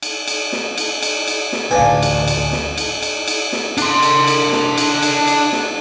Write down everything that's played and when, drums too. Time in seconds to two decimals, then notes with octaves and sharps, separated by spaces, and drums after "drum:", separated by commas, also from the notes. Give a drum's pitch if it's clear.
0.03 drum: cymbal
0.28 drum: cymbal
0.53 drum: snare
0.78 drum: cymbal
1.03 drum: cymbal
1.28 drum: cymbal
1.53 drum: snare
1.71 A1 D2 D4 B4 F5 G#5
2.03 drum: cymbal
2.28 drum: cymbal
2.53 drum: snare
2.78 drum: cymbal
3.03 drum: cymbal
3.28 drum: cymbal
3.53 drum: snare
3.78 D4 C6, drum: cymbal
4.03 drum: cymbal
4.28 drum: cymbal
4.53 drum: snare
4.78 drum: cymbal
5.03 drum: cymbal
5.28 drum: cymbal
5.53 drum: snare